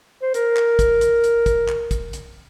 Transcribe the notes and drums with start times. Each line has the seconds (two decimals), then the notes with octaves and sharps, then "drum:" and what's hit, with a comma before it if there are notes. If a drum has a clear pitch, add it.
0.22 C5
0.34 A#4, drum: hi-hat
0.56 drum: clap
0.79 drum: kick, hi-hat
1.01 drum: hi-hat
1.24 drum: hi-hat
1.46 drum: kick, hi-hat
1.68 drum: clap
1.91 drum: kick, hi-hat
2.13 drum: hi-hat